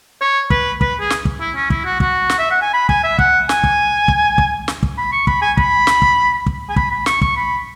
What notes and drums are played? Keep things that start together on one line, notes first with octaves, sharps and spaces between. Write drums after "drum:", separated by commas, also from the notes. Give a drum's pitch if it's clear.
C#5
B4, drum: kick
B4, drum: kick
G#4
drum: snare
drum: kick
E4
C#4
E4, drum: kick
F#4
F#4, drum: kick
drum: snare
E5
F#5
G#5
B5
G#5, drum: kick
E5
F#5, drum: kick
G#5, drum: snare
drum: kick
drum: kick
drum: kick
drum: snare
drum: kick
B5
C#6
B5, drum: kick
G#5
B5, drum: kick
drum: snare
drum: kick
drum: kick
G#5
B5, drum: kick
B5
C#6, drum: snare
C#6, drum: kick
B5